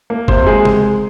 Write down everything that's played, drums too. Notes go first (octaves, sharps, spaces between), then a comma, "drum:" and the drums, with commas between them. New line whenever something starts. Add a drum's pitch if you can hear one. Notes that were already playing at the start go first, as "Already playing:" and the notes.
A#3
C3 C5, drum: kick F#1
G#3 G#4
drum: tom C3